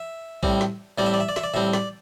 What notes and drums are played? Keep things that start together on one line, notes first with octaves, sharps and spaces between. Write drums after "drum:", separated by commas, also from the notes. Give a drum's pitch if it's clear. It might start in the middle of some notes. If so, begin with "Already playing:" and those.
Already playing: E5
A2 G3 C4, drum: kick A#1
drum: snare
A2 G3 C4 D5
E5
D5
E5
D5
E5, drum: snare
D5
A2 G3 C4 E5
D5, drum: snare